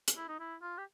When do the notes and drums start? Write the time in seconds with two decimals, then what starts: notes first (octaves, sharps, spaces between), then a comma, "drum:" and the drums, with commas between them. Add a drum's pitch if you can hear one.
0.08 drum: hi-hat
0.17 E4
0.28 D#4
0.40 E4
0.62 F4
0.78 G4